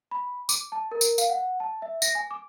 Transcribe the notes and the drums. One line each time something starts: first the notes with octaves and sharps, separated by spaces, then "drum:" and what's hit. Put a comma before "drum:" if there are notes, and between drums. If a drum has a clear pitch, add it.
B5
D6, drum: tambourine
A5
A#4
drum: tambourine
F5, drum: tambourine
F#5
A5
E5
A#6, drum: tambourine
G#5
D6